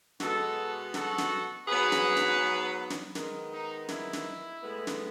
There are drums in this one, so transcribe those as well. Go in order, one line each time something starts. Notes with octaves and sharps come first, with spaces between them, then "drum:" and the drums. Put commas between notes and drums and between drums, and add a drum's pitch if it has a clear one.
B2 G#3 B3 F#4 A4, drum: snare
F#4 A4, drum: snare
drum: snare
G#2 F#3 B3 G#4 B4
drum: snare
drum: snare
drum: snare
D#3 G#3 B3, drum: snare
D#4
E4, drum: snare
drum: snare
A2 G#3 B3
drum: snare